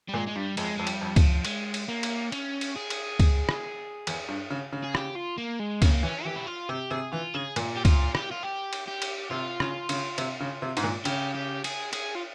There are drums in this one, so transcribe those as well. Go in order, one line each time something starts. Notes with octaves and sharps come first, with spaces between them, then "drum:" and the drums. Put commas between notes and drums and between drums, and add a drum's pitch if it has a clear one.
G3
A#2 G#3
G#3
G2 G3
F2 G#3, drum: cymbal
F2 G#3
G3, drum: cymbal
F2
F3, drum: kick C#2, cymbal
G#3, drum: cymbal
drum: cymbal
A#3
drum: cymbal
C#4, drum: cymbal
drum: cymbal
G#4
drum: cymbal
drum: kick C#2, cymbal
drum: rim click
E2, drum: cymbal
G2
C#3
C#3
G#4
G4, drum: rim click
F4
A#3
G#3
C#3 A#3, drum: kick C#2, cymbal
E3 C#4
E3 G4
E4
F4
C3 G4
C3 G#4
E3 F4
C#3 G#4
A#2, drum: cymbal
G4
F4, drum: kick C#2, cymbal
G4, drum: rim click
F4
G4
drum: cymbal
G4
drum: cymbal
C3 F4
C#3, drum: rim click
C#3, drum: cymbal
C3, drum: cymbal
C#3
C3
G#2, drum: cymbal
A#2
C#3 G4, drum: cymbal
G4
G#4, drum: cymbal
G#4, drum: cymbal
F4